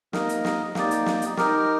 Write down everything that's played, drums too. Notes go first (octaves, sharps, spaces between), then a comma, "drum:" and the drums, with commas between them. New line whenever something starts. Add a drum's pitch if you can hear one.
A#3 D#4 A#4 D#5, drum: snare
drum: hi-hat
drum: snare
A#3 D#4 G4 D5, drum: snare
drum: hi-hat
drum: snare
drum: hi-hat
D#4 G4 A#4, drum: snare